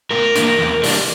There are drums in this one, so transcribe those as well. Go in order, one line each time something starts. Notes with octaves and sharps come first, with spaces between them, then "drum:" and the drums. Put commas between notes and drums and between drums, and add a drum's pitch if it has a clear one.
A2 A#4
E3 A#3 D4, drum: hi-hat
E2
E3 G3 A#3 D4, drum: open hi-hat